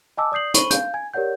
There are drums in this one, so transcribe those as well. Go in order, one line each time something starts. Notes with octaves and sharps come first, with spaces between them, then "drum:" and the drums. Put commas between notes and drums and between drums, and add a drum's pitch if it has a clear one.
D#5 G#5 A5 D6 E6
D5 D#6 G6 C7 F#7
C5 B5 C#6 D#7 F#7 G7, drum: hi-hat
F5 G6, drum: hi-hat
G#5 G#6
G4 A#4 C#5 D5 F#5 G6